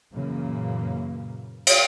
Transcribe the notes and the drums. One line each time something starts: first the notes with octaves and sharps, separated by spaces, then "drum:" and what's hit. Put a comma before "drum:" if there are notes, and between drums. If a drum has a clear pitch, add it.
F#2 A#2 C#3 E3 A#3
drum: cymbal